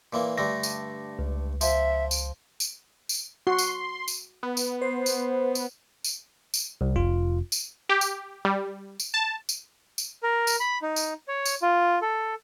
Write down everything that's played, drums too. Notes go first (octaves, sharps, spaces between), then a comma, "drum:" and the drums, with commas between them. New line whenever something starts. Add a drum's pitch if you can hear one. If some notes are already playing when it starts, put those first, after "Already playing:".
A#2 E3 A#3
G2 D3 A3 A#6
drum: tambourine
C#2
F3 E5, drum: tambourine
drum: tambourine
drum: tambourine
drum: tambourine
F#4 C6
drum: tambourine
drum: tambourine
B3
drum: tambourine
C5
drum: tambourine
drum: tambourine
drum: tambourine
drum: tambourine
C2
F1 F4
drum: tambourine
G4
drum: tambourine
G3
drum: tambourine
A5
drum: tambourine
drum: tambourine
A#4
drum: tambourine
B5
D#4
drum: tambourine
C#5
drum: tambourine
F4
A4